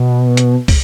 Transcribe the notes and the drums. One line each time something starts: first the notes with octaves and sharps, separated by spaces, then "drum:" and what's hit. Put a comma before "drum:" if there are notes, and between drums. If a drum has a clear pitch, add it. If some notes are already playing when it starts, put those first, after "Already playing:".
Already playing: B2
drum: hi-hat
drum: kick, open hi-hat